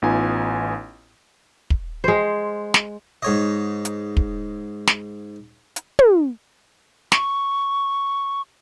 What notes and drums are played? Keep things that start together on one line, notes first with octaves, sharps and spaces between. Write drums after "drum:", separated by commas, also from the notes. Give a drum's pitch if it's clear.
A1 B3 D#4 F4 G#5
drum: kick
G#3 C5
drum: snare
G#2 C#5 D#5
drum: hi-hat
drum: kick
drum: snare
drum: hi-hat
drum: tom
C#6, drum: snare